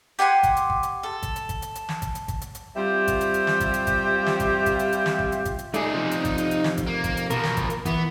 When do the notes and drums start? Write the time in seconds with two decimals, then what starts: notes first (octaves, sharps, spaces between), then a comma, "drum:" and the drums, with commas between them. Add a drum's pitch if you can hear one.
0.19 G4 F#5 G#5 C6
0.43 drum: kick G#1, hi-hat
0.56 drum: hi-hat
0.70 drum: kick G#1
0.83 drum: hi-hat
1.03 A4
1.23 drum: kick G#1, hi-hat
1.36 drum: hi-hat
1.49 drum: kick G#1, hi-hat
1.62 drum: hi-hat
1.75 drum: hi-hat
1.89 drum: snare
2.02 drum: kick G#1, hi-hat
2.15 drum: hi-hat
2.28 drum: kick G#1, hi-hat
2.41 drum: hi-hat
2.55 drum: hi-hat
2.76 G3 C4 F4 G4 C5 E5
3.08 drum: kick G#1, hi-hat
3.21 drum: hi-hat
3.34 drum: hi-hat
3.47 drum: snare
3.60 drum: kick G#1, hi-hat
3.74 drum: hi-hat
3.87 drum: kick G#1, hi-hat
4.26 drum: snare
4.40 drum: kick G#1, hi-hat
4.66 drum: kick G#1, hi-hat
4.79 drum: hi-hat
4.92 drum: hi-hat
5.06 drum: snare
5.19 drum: kick G#1
5.32 drum: hi-hat
5.45 drum: kick G#1, hi-hat
5.59 drum: hi-hat
5.74 A3 D#4 G#4 D5, drum: hi-hat
5.94 C3 F3
6.11 drum: hi-hat
6.25 drum: kick G#1, hi-hat
6.38 drum: hi-hat
6.51 drum: hi-hat
6.64 drum: snare
6.77 drum: kick G#1, hi-hat
6.87 A#3
7.04 drum: kick G#1, hi-hat
7.17 drum: hi-hat
7.30 B2 F3 A#4, drum: hi-hat
7.43 drum: snare
7.57 drum: kick G#1, hi-hat
7.70 drum: hi-hat
7.86 E3 B3, drum: kick G#1, hi-hat